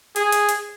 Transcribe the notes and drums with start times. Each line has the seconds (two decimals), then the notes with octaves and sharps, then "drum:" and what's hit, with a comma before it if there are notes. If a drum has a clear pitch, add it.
0.16 G#4, drum: hi-hat
0.32 drum: hi-hat
0.49 drum: hi-hat